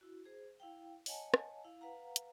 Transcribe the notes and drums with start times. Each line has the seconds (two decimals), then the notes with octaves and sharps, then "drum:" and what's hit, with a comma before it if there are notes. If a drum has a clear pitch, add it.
0.01 E4 F#4
0.25 G#4 C5
0.60 E4 F5 G5
1.06 C#5 D#5 F#5 G#5 A5, drum: open hi-hat
1.34 drum: rim click
1.64 E4 F5
1.81 B4 F5 F#5 A#5
2.16 drum: hi-hat